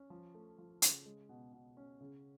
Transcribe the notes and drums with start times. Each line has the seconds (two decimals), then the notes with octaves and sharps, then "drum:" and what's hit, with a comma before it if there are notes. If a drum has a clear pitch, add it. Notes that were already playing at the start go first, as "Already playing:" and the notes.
Already playing: C#4
0.10 F3
0.34 A3
0.58 F3
0.82 C#3, drum: hi-hat
1.06 G#3
1.29 B2
1.53 B2
1.77 C#4
2.00 C#3